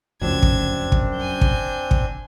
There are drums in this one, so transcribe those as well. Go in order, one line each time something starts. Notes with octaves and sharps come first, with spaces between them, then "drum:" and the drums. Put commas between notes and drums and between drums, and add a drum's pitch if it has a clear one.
F1 C#2 F#2 C4 D4 G#6 E7
drum: kick
drum: kick
G#5 G6
drum: kick
drum: kick